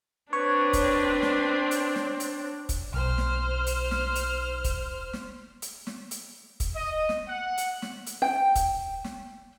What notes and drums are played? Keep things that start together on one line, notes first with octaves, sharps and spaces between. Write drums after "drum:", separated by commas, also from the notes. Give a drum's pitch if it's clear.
C4 D4 B4 C#5
drum: kick, hi-hat
drum: snare
drum: hi-hat
drum: snare
drum: hi-hat
drum: kick, hi-hat
B1 C5 F6
drum: snare
drum: hi-hat
drum: snare
drum: hi-hat
drum: kick, hi-hat
drum: snare
drum: hi-hat
drum: snare
drum: hi-hat
drum: kick, hi-hat
D#5
drum: snare
F#5
drum: hi-hat
drum: snare
drum: hi-hat
G5
drum: kick, hi-hat
drum: snare